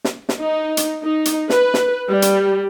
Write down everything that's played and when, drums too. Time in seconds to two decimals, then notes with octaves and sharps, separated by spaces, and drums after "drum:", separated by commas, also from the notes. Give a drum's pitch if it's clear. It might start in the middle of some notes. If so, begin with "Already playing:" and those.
0.04 drum: snare
0.29 drum: snare
0.40 D#4
0.77 drum: hi-hat
1.02 D#4
1.25 drum: hi-hat
1.50 B4, drum: snare
1.74 drum: snare
2.09 G3
2.22 drum: hi-hat